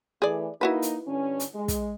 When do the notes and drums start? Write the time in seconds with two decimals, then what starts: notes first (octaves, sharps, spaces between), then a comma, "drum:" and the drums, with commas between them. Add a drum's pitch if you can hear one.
0.22 E3 A3 G#4 D5
0.61 A#3 D#4 E4 F#4 B4
0.82 drum: hi-hat
1.07 G2 D3 C#4
1.40 drum: hi-hat
1.54 G#3
1.68 drum: kick, hi-hat